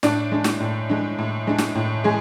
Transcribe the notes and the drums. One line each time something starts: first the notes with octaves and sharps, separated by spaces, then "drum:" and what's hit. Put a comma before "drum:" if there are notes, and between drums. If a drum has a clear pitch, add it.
A2 D4 D5, drum: snare
G#3 D4
drum: snare
A2
G#3 D4
A2
G#3 D4
drum: snare
A2
G#3 G#4